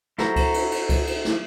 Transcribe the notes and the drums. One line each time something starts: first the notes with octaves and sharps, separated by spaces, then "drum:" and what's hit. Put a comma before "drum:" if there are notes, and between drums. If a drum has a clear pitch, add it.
E4 F#4 A4 C5 A#5, drum: snare
drum: kick C#2, cymbal
drum: cymbal
drum: cymbal
drum: kick C#2, cymbal
drum: cymbal
drum: snare